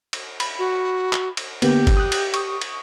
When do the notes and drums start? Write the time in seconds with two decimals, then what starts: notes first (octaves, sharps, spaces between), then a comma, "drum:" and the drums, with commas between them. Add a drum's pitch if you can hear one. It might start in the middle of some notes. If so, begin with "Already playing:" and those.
0.13 drum: cymbal
0.40 B5, drum: cymbal
0.59 F#4
1.12 drum: clap
1.37 drum: cymbal
1.62 D3 A#3 B3 G4, drum: cymbal
1.87 drum: kick G1, cymbal
1.97 D#6 F#6
2.12 drum: cymbal
2.34 C#6 D#6, drum: cymbal
2.61 drum: cymbal